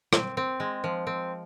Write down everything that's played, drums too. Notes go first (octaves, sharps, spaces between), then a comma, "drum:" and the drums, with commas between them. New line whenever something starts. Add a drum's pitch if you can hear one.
C4, drum: rim click
C4
G#3
F3
C4